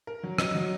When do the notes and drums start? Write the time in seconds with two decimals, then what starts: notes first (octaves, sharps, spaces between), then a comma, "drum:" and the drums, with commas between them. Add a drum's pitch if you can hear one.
0.07 A#4
0.23 F#3
0.38 D#5, drum: rim click
0.55 F#3